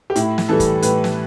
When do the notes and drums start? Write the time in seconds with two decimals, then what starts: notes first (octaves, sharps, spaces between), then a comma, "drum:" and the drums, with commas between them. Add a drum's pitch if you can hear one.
0.10 G4
0.16 A2 E4, drum: hi-hat
0.38 drum: snare
0.49 E3 G3 A4
0.60 drum: kick, hi-hat
0.82 A2 B4, drum: hi-hat
1.04 drum: snare